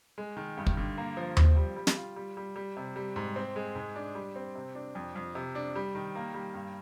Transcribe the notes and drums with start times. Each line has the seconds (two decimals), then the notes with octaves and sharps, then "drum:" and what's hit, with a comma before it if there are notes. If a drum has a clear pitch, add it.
0.18 G#3
0.37 D#3
0.57 G2
0.67 drum: kick
0.77 D3
0.97 A#3
1.17 F3
1.37 C4, drum: tom D#2
1.57 G3
1.76 G3
1.87 drum: snare
1.96 F4
2.16 G3
2.37 G3
2.56 G3
2.77 C3
2.96 G3
3.16 G#2
3.36 C4
3.56 G#3
3.75 G#2
3.96 D4
4.15 G3
4.36 C4
4.55 C3
4.75 D4
4.95 F2
5.15 F2
5.35 C3
5.55 D4
5.76 G3
5.95 D#3
6.15 A#3
6.34 G3
6.54 G2